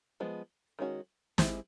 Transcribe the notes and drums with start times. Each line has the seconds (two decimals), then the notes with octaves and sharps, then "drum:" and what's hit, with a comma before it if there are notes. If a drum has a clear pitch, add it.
0.20 F3 G#3 B3
0.79 D#3 G#3 C#4 F#4
1.38 G#3 C4 E4 G4, drum: snare